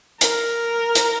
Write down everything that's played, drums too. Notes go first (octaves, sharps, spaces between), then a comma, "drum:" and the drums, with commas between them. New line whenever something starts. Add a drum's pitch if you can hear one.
A#4, drum: hi-hat
drum: hi-hat